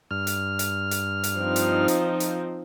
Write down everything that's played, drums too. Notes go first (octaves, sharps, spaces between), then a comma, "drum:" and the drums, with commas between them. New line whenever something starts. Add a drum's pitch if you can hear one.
G2 F6
drum: hi-hat
drum: hi-hat
drum: hi-hat
drum: hi-hat
F3 C4 D#4
drum: hi-hat
drum: hi-hat
drum: hi-hat